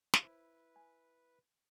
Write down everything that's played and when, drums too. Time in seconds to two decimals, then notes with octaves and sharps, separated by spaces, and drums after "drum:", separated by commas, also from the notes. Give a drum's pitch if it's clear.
0.14 drum: snare
0.23 E4 B4 C5
0.76 G#5